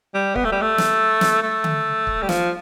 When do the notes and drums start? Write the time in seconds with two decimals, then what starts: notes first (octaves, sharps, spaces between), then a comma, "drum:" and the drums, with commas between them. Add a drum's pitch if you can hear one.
0.14 G3
0.36 B3, drum: kick
0.45 A3
0.52 G3
0.62 A3
0.78 drum: snare
1.21 drum: snare
1.43 A3
1.64 drum: tom D3
2.07 drum: kick
2.22 G3
2.29 F3, drum: snare